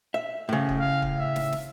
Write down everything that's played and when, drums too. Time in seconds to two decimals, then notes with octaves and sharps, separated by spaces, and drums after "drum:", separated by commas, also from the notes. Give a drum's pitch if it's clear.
0.14 E5
0.49 A2 C#3
0.69 drum: kick
0.79 F5
1.02 drum: kick
1.19 E5
1.36 drum: snare
1.52 drum: snare